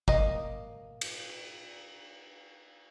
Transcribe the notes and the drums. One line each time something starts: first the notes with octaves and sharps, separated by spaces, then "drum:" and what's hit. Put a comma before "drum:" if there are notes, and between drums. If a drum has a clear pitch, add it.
A#3 D#5, drum: kick
drum: cymbal